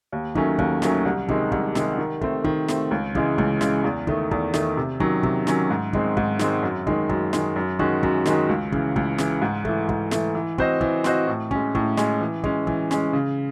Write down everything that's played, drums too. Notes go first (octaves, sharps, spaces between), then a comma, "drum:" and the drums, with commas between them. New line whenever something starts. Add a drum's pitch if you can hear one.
D#2
D#3 F#3 A3 C#4, drum: kick
D#2, drum: kick
D#3 F#3 A3 C#4, drum: snare
C2
C3 D#3 G#3, drum: kick
C2, drum: kick
C3 D#3 G#3, drum: snare
D#3
A3 C4, drum: kick
D#3, drum: kick
A3 C4, drum: snare
C#2
C#3 E3 G#3, drum: kick
C#2, drum: kick
C#3 E3 G#3, drum: snare
E2
D#3 A3, drum: kick
E2, drum: kick
D#3 A3, drum: snare
C3
D#3 F#3 C#4, drum: kick
C3, drum: kick
D#3 F#3 C#4, drum: snare
G#2
D#3 G#3 C4, drum: kick
G#2, drum: kick
D#3 G#3 C4, drum: snare
F#2
D#3 G#3, drum: kick
F#2, drum: kick
D#3 G#3, drum: snare
F#2
D#3 G#3 C#4 F#4, drum: kick
F#2, drum: kick
D#3 G#3 C#4 F#4, drum: snare
C#2
C#3 E3, drum: kick
C#2, drum: kick
C#3 E3, drum: snare
G#2
E3 A3, drum: kick
G#2, drum: kick
E3 A3, drum: snare
E3
C4 F#4 C5 D#5, drum: kick
E3, drum: kick
C4 F#4 C5 D#5, drum: snare
A2
G#3 C#4, drum: kick
A2, drum: kick
G#3 C#4, drum: snare
E3
G#3 C#4, drum: kick
E3, drum: kick
G#3 C#4, drum: snare
C#3